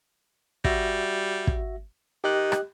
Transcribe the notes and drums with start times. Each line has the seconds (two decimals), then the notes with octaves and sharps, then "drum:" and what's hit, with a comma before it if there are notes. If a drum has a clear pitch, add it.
0.64 G3 F#4 E5 A#6, drum: kick
1.47 drum: kick
2.24 D#3 G4 D#5 F#6
2.52 drum: rim click